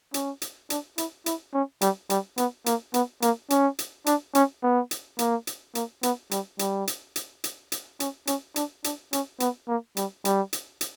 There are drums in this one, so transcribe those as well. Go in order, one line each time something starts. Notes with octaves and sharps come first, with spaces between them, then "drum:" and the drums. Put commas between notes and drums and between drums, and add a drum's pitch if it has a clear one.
C#4, drum: hi-hat
drum: hi-hat
D4, drum: hi-hat
E4, drum: hi-hat
E4, drum: hi-hat
C#4
G3, drum: hi-hat
G3, drum: hi-hat
B3, drum: hi-hat
A#3, drum: hi-hat
B3, drum: hi-hat
A#3, drum: hi-hat
C#4, drum: hi-hat
drum: hi-hat
D4, drum: hi-hat
C#4, drum: hi-hat
B3
drum: hi-hat
A#3, drum: hi-hat
drum: hi-hat
A#3, drum: hi-hat
B3, drum: hi-hat
G3, drum: hi-hat
G3, drum: hi-hat
drum: hi-hat
drum: hi-hat
drum: hi-hat
drum: hi-hat
C#4, drum: hi-hat
C#4, drum: hi-hat
D4, drum: hi-hat
D4, drum: hi-hat
C#4, drum: hi-hat
B3, drum: hi-hat
A#3
G3, drum: hi-hat
G3, drum: hi-hat
drum: hi-hat
drum: hi-hat